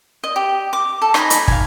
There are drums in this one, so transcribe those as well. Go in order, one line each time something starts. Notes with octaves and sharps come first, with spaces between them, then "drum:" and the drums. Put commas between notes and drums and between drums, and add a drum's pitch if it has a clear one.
D#5
G4
D6
A4
D#4 D#5 G#5 B5, drum: rim click
drum: hi-hat
F5 G#5, drum: kick